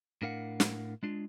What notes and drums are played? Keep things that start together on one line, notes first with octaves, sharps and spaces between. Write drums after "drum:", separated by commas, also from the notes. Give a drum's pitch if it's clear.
A2 D4 A#4 F5 F#5
drum: snare
G#3 D4 F4